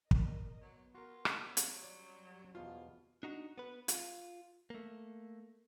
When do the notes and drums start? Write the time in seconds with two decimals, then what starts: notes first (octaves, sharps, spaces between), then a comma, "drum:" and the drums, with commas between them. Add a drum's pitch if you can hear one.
0.11 A#4 D5 D#5, drum: kick
0.61 F#3 B3
0.95 F4 F#4 A#4
1.25 drum: rim click
1.46 F#3
1.57 drum: hi-hat
1.83 F#2 G3 C#5 D5
2.55 E2 B2 F3 F4
3.23 D4 D#4 F#4
3.58 B3 B4
3.88 F4, drum: hi-hat
4.70 A3 A#3